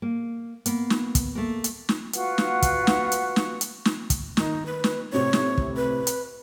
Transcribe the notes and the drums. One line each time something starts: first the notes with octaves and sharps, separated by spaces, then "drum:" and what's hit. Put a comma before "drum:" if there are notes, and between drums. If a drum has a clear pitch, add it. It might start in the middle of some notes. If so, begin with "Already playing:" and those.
A#3
A#3 B3, drum: hi-hat
drum: snare
drum: kick, hi-hat
A3 A#3
drum: hi-hat
drum: snare
F4 F#4 B4 F#5, drum: hi-hat
drum: snare
drum: kick, hi-hat
drum: snare
drum: hi-hat
drum: snare
drum: hi-hat
drum: snare
drum: kick, hi-hat
D#3 D#4, drum: snare
B4
drum: snare
A2 C3 C4 C#5
drum: snare
drum: kick
B4
drum: hi-hat